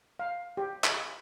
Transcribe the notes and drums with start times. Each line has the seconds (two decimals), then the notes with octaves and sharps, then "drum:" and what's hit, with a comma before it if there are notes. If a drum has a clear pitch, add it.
0.19 F5
0.57 G4
0.84 B5, drum: clap